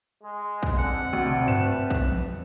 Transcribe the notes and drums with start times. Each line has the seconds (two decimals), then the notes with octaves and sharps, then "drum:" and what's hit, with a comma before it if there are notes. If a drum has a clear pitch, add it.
0.23 G#3
0.63 drum: kick
0.78 D3 C4 F#5
1.13 D2 G3 A3
1.27 drum: tom
1.48 B4 E7, drum: tom G2
1.90 drum: kick
2.12 drum: tom E3